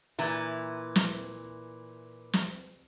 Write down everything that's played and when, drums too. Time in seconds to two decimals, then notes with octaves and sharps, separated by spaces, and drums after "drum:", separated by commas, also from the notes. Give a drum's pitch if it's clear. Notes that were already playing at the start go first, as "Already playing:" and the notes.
0.19 A#2 E3
0.96 drum: snare
2.33 drum: snare